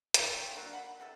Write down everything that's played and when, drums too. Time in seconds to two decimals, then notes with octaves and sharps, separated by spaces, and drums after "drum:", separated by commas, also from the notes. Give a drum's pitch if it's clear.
0.14 C#3, drum: hi-hat
0.34 A3 C4 G5
0.55 F#3 A#3 D4
0.73 F#5 B5
1.00 C3 B3 A4